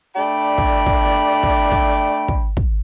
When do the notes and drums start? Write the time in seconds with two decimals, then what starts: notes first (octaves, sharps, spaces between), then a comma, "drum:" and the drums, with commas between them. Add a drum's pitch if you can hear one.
0.15 A3 D4 D5 G5 B5
0.58 drum: kick
0.86 drum: kick
1.43 drum: kick
1.72 drum: kick
2.28 drum: kick
2.57 drum: kick